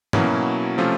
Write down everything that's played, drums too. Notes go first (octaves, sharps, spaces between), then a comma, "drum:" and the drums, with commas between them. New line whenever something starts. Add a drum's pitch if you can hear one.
B2 F#3 A#3 C#4 E4, drum: tom
C3 F3 A3 C#4 F4